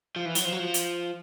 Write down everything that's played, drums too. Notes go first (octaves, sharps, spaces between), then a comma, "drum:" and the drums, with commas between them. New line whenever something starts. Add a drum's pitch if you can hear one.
F3
E3
F#3, drum: hi-hat
F3
F#3
F3
drum: hi-hat